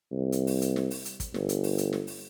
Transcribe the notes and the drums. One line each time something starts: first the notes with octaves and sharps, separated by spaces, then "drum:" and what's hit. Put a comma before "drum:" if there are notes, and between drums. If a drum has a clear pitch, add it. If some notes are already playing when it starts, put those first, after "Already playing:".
C2
drum: hi-hat
drum: open hi-hat
drum: hi-hat
drum: snare
drum: open hi-hat
drum: hi-hat
drum: kick, hi-hat
G1, drum: snare
drum: hi-hat
drum: open hi-hat
drum: hi-hat
drum: snare
drum: open hi-hat